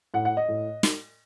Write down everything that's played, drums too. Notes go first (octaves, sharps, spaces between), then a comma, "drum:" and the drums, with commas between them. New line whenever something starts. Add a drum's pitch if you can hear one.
A2 F#5
F#5
D#5
A2
drum: snare